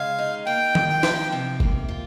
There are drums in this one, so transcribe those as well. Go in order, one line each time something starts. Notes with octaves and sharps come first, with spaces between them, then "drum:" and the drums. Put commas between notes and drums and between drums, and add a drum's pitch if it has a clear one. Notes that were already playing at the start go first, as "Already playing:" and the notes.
Already playing: C#3 G#3 F5
D#4
A#3 G5
F4, drum: tom D#3
G5
F3, drum: snare
C3
A#3, drum: kick F#1
F4